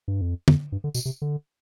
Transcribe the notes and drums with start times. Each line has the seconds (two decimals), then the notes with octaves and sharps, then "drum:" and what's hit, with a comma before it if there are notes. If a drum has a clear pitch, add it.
0.08 G2
0.21 F2
0.48 F2, drum: tom
0.72 G2
0.84 D3
0.95 B2, drum: tambourine
1.05 C3
1.22 D3